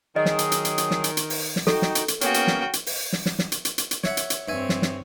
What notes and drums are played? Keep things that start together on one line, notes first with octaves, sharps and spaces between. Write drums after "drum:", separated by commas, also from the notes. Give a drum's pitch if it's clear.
D#3 F#3 G#4 D#5
drum: snare
drum: hi-hat
drum: hi-hat
drum: hi-hat
drum: hi-hat
drum: snare
drum: hi-hat
drum: hi-hat
drum: open hi-hat
drum: snare
D#4 F#4 A4 G5, drum: snare
drum: snare
drum: hi-hat
drum: hi-hat
A#3 B3 C#4 F#4 G#4 A#4 C#5 G5, drum: hi-hat
drum: hi-hat
drum: snare
drum: hi-hat
drum: open hi-hat
drum: snare
drum: snare
drum: snare
drum: hi-hat
drum: hi-hat
drum: hi-hat
drum: hi-hat
C#5 E5 F#5, drum: snare
drum: hi-hat
drum: hi-hat
G2 C4 C#5 E5 G#5
drum: snare
drum: snare